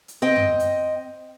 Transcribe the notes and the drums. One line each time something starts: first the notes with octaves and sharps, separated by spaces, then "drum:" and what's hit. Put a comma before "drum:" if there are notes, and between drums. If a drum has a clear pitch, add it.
drum: hi-hat
C4 D#5 G5
drum: tom F#2
drum: hi-hat